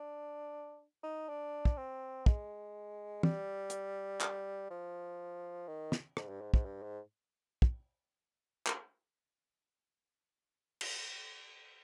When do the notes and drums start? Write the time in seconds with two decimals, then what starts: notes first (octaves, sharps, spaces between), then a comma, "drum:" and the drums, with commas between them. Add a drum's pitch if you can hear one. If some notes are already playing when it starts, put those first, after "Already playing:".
Already playing: D4
1.03 D#4
1.29 D4
1.65 drum: kick
1.77 C4
2.26 G#3, drum: kick
3.23 G3, drum: tom
3.70 drum: hi-hat
4.21 drum: clap
4.70 F3
5.68 D#3
5.92 drum: snare
6.17 G#2, drum: rim click
6.29 G2
6.41 G#2
6.54 G#2, drum: kick
6.65 G2
6.82 G#2
7.62 drum: kick
8.67 drum: clap
10.81 drum: cymbal